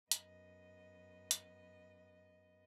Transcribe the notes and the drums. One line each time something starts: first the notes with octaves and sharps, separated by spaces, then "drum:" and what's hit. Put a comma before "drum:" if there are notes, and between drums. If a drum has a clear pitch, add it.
F#2 B3 D#5, drum: hi-hat
drum: hi-hat